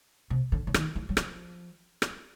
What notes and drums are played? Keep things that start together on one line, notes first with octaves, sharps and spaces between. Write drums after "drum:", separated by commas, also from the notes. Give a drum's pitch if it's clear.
C3
D3
D3
D#3, drum: rim click
E3
F#3
F3, drum: rim click
drum: rim click